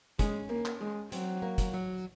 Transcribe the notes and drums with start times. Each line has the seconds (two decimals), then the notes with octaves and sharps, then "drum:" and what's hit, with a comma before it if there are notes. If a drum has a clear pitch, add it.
0.19 G#3 C#4, drum: kick, hi-hat
0.50 A#3
0.65 drum: clap
0.81 G#3
1.12 F#3 C4, drum: hi-hat
1.42 A#3
1.58 drum: kick, hi-hat
1.74 F#3